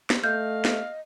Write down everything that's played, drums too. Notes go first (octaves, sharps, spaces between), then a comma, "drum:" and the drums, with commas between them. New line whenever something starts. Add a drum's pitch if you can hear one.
drum: snare
A3 D#5 F5 G6
drum: snare